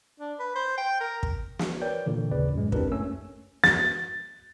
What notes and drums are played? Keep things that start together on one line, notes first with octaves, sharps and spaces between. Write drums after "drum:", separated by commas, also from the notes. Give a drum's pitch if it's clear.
D4
B4
C5
G5
A#4
drum: kick
drum: snare
A#4 B4 C#5 D5 G5 G6
A#2 D3 E3
G#1 D#2 C#3 B4 D5
F#2 A2 G#3
C4 D4 E4 G4 A#4 B4, drum: kick
C#2 F#2 A3 C#4 E6
A6, drum: snare